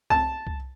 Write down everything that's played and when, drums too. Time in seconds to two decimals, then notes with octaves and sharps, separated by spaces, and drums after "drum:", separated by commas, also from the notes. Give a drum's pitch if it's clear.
0.10 A5, drum: kick C2
0.47 drum: kick C2